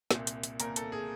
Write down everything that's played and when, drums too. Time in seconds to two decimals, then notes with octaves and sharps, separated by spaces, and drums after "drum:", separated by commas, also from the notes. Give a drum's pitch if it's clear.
0.11 C2 A#2, drum: snare
0.27 drum: hi-hat
0.43 drum: hi-hat
0.60 C2 A#2 A#4, drum: hi-hat
0.76 A4, drum: hi-hat
0.92 G#4